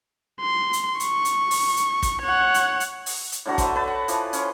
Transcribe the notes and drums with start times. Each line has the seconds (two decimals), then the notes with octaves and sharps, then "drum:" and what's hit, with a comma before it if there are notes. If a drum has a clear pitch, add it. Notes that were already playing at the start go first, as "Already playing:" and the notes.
0.41 C6
0.73 drum: hi-hat
1.00 C#6, drum: hi-hat
1.25 drum: hi-hat
1.51 drum: open hi-hat
1.77 drum: hi-hat
2.03 drum: kick, hi-hat
2.22 C#5 F#5
2.54 drum: hi-hat
2.80 drum: hi-hat
3.06 drum: open hi-hat
3.32 drum: hi-hat
3.46 A2 D3 F#4 A#5
3.58 B4 C5 E5, drum: kick, hi-hat
3.75 B4 C#5 E5 A5
3.87 F#5
4.08 E3 F3, drum: hi-hat
4.33 C#4 C6, drum: hi-hat